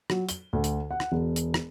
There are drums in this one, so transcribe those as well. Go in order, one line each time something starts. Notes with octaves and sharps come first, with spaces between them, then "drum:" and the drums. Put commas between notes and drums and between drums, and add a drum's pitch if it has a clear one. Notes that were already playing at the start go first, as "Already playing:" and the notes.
F#3, drum: rim click
G7, drum: hi-hat
D2
drum: hi-hat
F#5
drum: rim click
E1
drum: hi-hat
drum: rim click